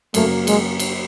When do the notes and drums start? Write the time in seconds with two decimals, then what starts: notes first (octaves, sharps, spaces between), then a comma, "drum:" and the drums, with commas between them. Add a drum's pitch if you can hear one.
0.14 F#2 C#3 F#3 A3 A#3, drum: cymbal
0.47 G#3, drum: cymbal
0.79 drum: cymbal